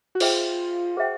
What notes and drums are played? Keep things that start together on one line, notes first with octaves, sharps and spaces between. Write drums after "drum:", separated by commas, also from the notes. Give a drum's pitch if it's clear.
F#4
F4 G#4 C5 E5 G5, drum: cymbal
F#4 G#4 C5 E5 G5